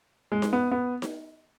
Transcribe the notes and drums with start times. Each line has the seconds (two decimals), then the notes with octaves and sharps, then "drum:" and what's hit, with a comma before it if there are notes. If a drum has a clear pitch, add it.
0.32 G#3
0.42 drum: snare D#4
0.53 B3
0.71 B3
1.02 drum: snare D#4